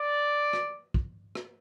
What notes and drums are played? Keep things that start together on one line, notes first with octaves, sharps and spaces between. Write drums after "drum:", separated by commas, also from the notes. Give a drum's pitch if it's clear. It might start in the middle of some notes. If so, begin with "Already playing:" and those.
Already playing: D5
drum: rim click
drum: kick
drum: rim click